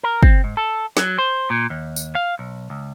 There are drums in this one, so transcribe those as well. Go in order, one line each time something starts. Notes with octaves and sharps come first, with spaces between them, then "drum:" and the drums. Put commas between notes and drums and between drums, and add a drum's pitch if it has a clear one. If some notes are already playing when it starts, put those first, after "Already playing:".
A#4
C4, drum: kick
G#2
A4
F#3, drum: snare
C5
A#2
D#2
drum: tambourine
F5
B1
C#2